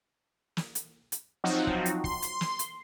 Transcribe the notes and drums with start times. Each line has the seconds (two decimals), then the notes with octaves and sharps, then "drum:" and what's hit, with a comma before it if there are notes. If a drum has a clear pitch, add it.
0.57 drum: snare
0.75 drum: hi-hat
1.12 drum: hi-hat
1.44 F3 F#3 C4 D#4 F#4
1.67 drum: kick
1.86 drum: hi-hat
2.04 C6, drum: kick
2.22 drum: hi-hat
2.41 drum: snare
2.59 drum: hi-hat